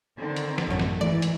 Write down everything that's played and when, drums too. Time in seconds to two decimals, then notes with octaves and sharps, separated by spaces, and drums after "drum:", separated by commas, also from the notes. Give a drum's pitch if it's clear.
0.16 D3 D#3 C4
0.36 drum: hi-hat
0.58 drum: snare
0.67 A1 F#2 A3
0.79 drum: snare
1.01 G#2 E3 D5
1.22 drum: hi-hat